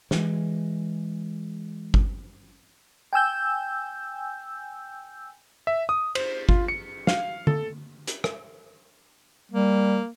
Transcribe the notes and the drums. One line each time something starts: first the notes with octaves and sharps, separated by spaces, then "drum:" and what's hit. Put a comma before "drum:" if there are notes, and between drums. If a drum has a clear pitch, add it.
E3 G#3, drum: snare
drum: kick G1
G5 G#5 E6 G6
E5
D#6
C5, drum: cymbal
F4, drum: kick G1
C#7
F5, drum: snare
A4, drum: tom
drum: hi-hat
drum: rim click
G3 A#3